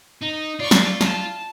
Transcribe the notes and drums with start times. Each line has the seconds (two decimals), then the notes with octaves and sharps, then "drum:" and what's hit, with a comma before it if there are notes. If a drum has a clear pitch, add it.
0.22 D#4
0.59 F4 D5 C#6
0.71 drum: snare
1.01 A5, drum: snare